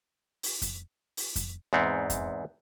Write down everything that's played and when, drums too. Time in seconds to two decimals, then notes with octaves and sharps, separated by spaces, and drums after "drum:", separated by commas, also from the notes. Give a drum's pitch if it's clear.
0.43 drum: open hi-hat
0.62 drum: kick F2, hi-hat
1.17 drum: open hi-hat
1.36 drum: kick F2, hi-hat
1.73 E2 G#2 B3 C4
2.10 drum: kick F2, hi-hat